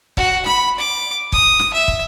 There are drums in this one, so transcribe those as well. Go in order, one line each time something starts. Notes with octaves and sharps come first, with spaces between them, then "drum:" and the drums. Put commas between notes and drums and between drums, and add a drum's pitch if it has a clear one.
F#4, drum: kick
B5, drum: snare
D6
D#6, drum: kick
drum: snare
E5
drum: kick